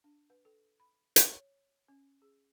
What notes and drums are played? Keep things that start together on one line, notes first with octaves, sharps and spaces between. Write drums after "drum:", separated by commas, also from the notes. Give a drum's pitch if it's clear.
D4
B4
A4
B5
drum: hi-hat
C#5
C#4
G#4